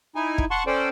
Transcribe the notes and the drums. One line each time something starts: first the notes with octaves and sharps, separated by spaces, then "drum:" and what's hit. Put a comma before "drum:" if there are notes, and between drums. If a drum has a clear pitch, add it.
D#4 E4 G#5
drum: kick
F#5 A5 C6 C#6
C#4 A4 C5 D5 G5